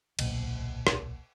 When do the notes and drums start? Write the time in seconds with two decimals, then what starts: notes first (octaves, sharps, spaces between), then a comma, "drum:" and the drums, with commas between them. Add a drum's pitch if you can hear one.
0.19 D1 B1 A#2, drum: cymbal
0.87 drum: rim click